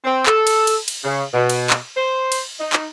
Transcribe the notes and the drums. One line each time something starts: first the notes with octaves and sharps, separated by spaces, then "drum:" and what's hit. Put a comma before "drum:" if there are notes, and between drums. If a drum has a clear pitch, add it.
C4
A4, drum: clap
drum: cymbal
drum: cymbal
drum: cymbal
C#3
B2
drum: cymbal
drum: clap
C5
drum: cymbal
D#4
drum: clap